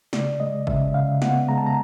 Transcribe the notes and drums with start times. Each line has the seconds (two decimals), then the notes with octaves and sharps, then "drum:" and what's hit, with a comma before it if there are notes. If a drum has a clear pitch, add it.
0.13 C#3 D5, drum: snare
0.40 G#3 D#5
0.67 C#3 E5, drum: kick
0.94 C#3 F5
1.22 B3 F#5, drum: snare
1.49 G#3 A#5
1.58 A5
1.66 A#5